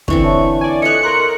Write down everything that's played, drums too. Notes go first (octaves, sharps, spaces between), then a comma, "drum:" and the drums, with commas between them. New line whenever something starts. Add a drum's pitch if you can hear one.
D3 E3 C4 C#6, drum: kick
C#5 E5 A5
D5 G#5
F4 A4 C#5 D#5 F#6 C#7
A#4 A#5 C6 F#6